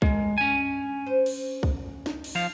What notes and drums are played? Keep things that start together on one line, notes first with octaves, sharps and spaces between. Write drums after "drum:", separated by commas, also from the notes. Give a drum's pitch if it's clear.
G2 G#3 A#4, drum: kick C2
G2 C#4 G#5
C5
drum: cymbal
drum: kick C2
D#4, drum: snare
drum: cymbal
F3 F5